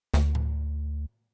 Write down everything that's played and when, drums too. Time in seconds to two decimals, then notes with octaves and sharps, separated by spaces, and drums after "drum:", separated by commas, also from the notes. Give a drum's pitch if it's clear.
0.14 D2, drum: snare
0.35 drum: tom A2